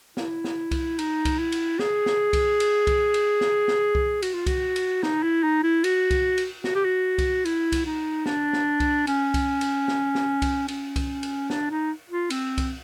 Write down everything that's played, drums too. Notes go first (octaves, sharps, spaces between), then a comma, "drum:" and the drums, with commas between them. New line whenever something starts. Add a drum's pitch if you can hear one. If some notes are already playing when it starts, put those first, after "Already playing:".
E4, drum: snare
drum: snare
drum: kick C2, cymbal
D#4, drum: cymbal
drum: kick C2, cymbal
E4
drum: cymbal
G#4, drum: snare
drum: snare
drum: kick C2, cymbal
drum: cymbal
drum: kick C2, cymbal
drum: cymbal
drum: snare
drum: snare
drum: kick C2
F#4, drum: cymbal
F4
F#4, drum: kick C2, cymbal
drum: cymbal
D#4, drum: snare
E4
D#4
E4
F#4, drum: cymbal
drum: kick C2, cymbal
drum: cymbal
F#4, drum: snare
G4
F#4
drum: kick C2, cymbal
E4, drum: cymbal
drum: kick C2, cymbal
D#4
D4, drum: snare
drum: snare
drum: kick C2, cymbal
C#4, drum: cymbal
drum: kick C2, cymbal
drum: cymbal
drum: snare
drum: snare
drum: kick C2, cymbal
C#4, drum: cymbal
drum: kick C2, cymbal
drum: cymbal
D4, drum: snare
D#4
F4
C4, drum: cymbal
drum: kick C2, cymbal